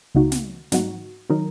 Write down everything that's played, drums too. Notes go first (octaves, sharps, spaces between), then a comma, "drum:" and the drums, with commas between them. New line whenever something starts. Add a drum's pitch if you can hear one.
C#2 C#3 A#3 D#4 F#4
drum: snare
G#2 F#3 D#4 F#4, drum: snare
D#3 F#3 D#4 A#4